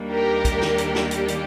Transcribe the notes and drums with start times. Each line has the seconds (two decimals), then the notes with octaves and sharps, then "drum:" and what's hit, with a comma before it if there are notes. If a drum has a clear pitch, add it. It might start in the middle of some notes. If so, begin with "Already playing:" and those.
Already playing: D#2 D#3 G3 A#3 D4
0.11 G4 A#4
0.45 drum: kick, hi-hat
0.61 drum: snare
0.78 drum: hi-hat
0.95 drum: snare
1.11 G4, drum: hi-hat
1.28 drum: hi-hat